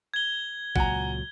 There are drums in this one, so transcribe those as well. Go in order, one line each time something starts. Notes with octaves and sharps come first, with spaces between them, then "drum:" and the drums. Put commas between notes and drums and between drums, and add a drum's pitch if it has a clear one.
G#6 G7
C#2 A#2 F#3 F#5 G#5 A#5, drum: kick